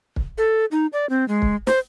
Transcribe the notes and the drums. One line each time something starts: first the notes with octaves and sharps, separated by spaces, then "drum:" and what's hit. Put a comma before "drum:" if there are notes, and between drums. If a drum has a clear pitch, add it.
drum: kick
A4
D#4
D5
C4
G#3
drum: kick
C5, drum: snare